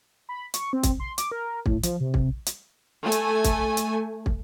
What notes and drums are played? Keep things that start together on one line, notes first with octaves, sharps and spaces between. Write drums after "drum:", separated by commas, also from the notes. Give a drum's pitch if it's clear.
B5
C#6, drum: hi-hat
C4
drum: kick, hi-hat
C6
D6, drum: hi-hat
A#4
A2, drum: kick
F3, drum: hi-hat
C3
drum: kick
drum: hi-hat
A3 G#5
drum: hi-hat
drum: kick, hi-hat
drum: hi-hat
drum: kick